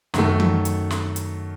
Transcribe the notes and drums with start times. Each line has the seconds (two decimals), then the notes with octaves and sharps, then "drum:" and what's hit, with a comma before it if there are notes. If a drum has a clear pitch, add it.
0.14 F#2 D#3 A3, drum: snare
0.40 drum: tom E3
0.65 drum: hi-hat
0.91 drum: snare
1.16 drum: hi-hat